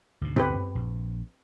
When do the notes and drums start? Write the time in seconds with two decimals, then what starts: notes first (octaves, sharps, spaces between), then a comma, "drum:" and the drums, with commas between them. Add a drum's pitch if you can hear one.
0.21 D2 G#2 B2
0.36 C4 G4 B4, drum: tom
0.75 A#1